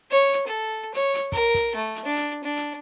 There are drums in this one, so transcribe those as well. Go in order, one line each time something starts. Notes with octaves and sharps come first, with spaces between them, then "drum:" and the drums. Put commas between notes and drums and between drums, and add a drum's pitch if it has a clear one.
C#5
drum: hi-hat
A4
C#5, drum: hi-hat
drum: hi-hat
A#4, drum: kick, hi-hat
drum: kick, hi-hat
A3
drum: hi-hat
D4
drum: hi-hat
D4
drum: hi-hat